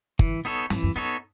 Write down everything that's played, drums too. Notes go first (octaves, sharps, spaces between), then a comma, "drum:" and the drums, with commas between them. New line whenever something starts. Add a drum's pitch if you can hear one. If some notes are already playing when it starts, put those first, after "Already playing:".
E3, drum: kick G1
B3 D#4 A4 C#5
G#2 E3, drum: snare
F#2
F#2 B3 D#4 A4 C#5